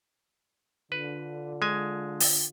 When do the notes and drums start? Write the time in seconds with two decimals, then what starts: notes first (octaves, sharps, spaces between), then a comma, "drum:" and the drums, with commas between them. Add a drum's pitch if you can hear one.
0.92 D3 F4 B4
1.62 G#3 G#5
2.20 drum: open hi-hat